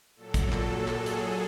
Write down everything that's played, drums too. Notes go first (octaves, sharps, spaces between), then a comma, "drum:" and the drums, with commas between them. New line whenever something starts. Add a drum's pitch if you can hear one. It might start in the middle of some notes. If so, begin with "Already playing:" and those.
A#2 F#3 A4
drum: kick, hi-hat
drum: clap
G#4, drum: clap
drum: hi-hat